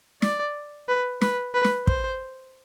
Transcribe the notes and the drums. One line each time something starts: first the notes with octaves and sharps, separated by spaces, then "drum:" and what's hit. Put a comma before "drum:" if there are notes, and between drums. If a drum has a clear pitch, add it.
D5, drum: snare
B4
B4, drum: snare
B4
drum: snare
C5, drum: kick